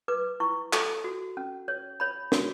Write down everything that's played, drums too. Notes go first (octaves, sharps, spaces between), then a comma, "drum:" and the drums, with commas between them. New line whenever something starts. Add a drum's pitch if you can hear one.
B4 D6
E4 C#6
A4, drum: clap
F#4
C#4
C#5
C#5 B5
F#4, drum: snare